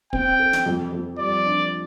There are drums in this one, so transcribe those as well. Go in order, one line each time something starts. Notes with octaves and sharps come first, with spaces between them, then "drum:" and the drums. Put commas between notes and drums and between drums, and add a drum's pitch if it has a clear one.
C4 G5, drum: kick
A4
drum: snare
F2
F2
G3 D5
D4